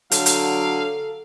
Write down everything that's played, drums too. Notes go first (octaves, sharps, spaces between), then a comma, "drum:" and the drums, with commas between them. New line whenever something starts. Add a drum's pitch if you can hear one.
D3 F#3 A4 F5, drum: hi-hat
drum: hi-hat